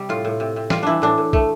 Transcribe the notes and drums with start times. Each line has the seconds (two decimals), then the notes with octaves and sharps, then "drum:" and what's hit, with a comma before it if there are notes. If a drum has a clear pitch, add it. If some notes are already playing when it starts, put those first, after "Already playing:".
Already playing: C3 G3
0.09 A2 F4
0.25 A2
0.40 C3
0.56 C3
0.70 G3 F4, drum: snare
0.83 E3 D4 E4
1.02 A2 D4
1.18 A2
1.33 A3, drum: kick